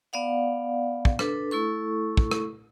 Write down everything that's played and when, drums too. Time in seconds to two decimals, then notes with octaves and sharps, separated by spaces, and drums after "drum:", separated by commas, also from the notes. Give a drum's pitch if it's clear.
0.13 B3 D5 F5 F#5
1.05 drum: kick
1.19 D4 A4 B4, drum: rim click
1.51 A3 E4 A4 C#6
2.17 drum: kick
2.31 drum: rim click